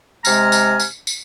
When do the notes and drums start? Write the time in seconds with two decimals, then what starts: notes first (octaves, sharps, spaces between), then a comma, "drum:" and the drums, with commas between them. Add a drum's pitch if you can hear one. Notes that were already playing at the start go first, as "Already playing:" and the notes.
0.25 C3 G#3 G#5 A#5 F6, drum: tambourine
0.52 drum: tambourine
0.80 drum: tambourine
1.07 drum: tambourine